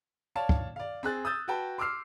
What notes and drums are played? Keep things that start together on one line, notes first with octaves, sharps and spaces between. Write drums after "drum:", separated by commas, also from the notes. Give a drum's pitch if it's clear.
C#5 D5 F5 A5
drum: kick
D5 F5
C4 G#4 F#6 A6
D#6 E6 G6 A6
F#4 B4 G5 A5
C6 D6 E6 F6 C7